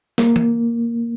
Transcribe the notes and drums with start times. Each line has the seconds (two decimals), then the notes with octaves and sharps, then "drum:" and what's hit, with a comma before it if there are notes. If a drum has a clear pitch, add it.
0.18 A#3, drum: snare
0.36 drum: tom